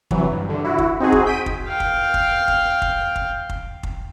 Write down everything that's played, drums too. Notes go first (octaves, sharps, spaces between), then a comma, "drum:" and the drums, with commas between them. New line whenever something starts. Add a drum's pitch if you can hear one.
C3 E3 F#3, drum: kick
G2
G2 D3
E4 F#4
drum: kick
C4 D#4 F#4 G#4
drum: kick
G6 B6 D7 D#7
drum: kick
F5 G5
drum: kick
drum: kick
drum: kick
drum: kick
drum: kick
drum: kick
drum: kick